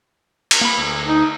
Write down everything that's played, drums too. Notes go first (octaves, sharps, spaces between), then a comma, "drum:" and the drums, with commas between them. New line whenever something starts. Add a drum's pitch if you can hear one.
drum: cymbal
A#3 B5
D2
D#4